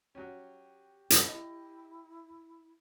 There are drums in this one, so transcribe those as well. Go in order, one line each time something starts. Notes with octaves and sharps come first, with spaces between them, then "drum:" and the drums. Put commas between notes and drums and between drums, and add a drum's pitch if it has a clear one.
F#3 C#4 G4
drum: hi-hat
E4 D#5